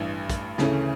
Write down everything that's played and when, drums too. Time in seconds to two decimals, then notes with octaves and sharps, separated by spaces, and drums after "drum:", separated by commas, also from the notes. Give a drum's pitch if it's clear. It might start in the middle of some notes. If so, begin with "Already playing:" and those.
Already playing: A1 G2 E3
0.30 drum: kick, hi-hat
0.58 D2 C#3 E3 A3 C#4, drum: snare